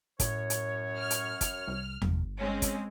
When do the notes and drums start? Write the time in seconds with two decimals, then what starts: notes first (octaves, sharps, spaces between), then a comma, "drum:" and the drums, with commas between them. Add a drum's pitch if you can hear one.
0.20 F#2 A2 C#5, drum: kick, hi-hat
0.50 drum: hi-hat
0.99 F6
1.10 drum: hi-hat
1.41 drum: kick, hi-hat
1.68 C2
2.02 G1, drum: tom E2
2.39 G#3 C4 C#4
2.62 drum: kick, hi-hat